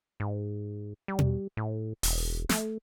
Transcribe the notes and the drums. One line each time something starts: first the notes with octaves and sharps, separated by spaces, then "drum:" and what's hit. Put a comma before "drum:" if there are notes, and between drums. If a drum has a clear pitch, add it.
G#2
G3
drum: tom B2
A2
E1, drum: open hi-hat
A3, drum: snare